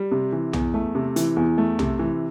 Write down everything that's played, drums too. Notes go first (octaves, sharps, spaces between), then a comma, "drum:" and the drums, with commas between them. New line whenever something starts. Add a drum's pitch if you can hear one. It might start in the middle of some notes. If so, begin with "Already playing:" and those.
Already playing: G3
C3
E3
E2, drum: tom B1
A3
C3
E3, drum: hi-hat
E2
A3
C3, drum: tom B1
E3